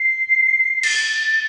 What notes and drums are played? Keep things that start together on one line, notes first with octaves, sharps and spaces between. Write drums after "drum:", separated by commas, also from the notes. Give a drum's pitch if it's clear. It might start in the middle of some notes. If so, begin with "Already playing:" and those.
Already playing: C7
A6, drum: cymbal